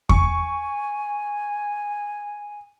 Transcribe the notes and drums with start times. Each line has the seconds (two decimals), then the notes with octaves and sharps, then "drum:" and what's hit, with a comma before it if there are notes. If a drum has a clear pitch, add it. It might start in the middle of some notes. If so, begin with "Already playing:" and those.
0.09 G#5 C#6, drum: kick E2